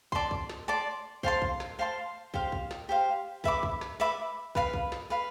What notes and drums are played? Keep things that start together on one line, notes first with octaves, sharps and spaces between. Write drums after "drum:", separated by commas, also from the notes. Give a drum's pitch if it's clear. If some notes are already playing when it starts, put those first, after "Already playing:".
D5 A5 C6, drum: kick
drum: kick
drum: snare
D5 A5 C6
C5 F5 A5 C6, drum: kick
drum: kick
drum: snare
C5 F5 A5 C6
G4 C5 F5, drum: kick
drum: kick
drum: snare
G4 C5 F5
B4 E5 B5 D6, drum: kick
drum: kick
drum: snare
B4 E5 B5 D6
B4 F5 B5, drum: kick
drum: kick
drum: snare
B4 F5 B5